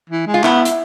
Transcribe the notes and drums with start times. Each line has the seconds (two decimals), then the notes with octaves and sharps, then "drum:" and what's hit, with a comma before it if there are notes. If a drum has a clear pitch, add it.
0.10 E3
0.27 G#3
0.34 F4
0.44 B3 E4, drum: clap
0.65 drum: hi-hat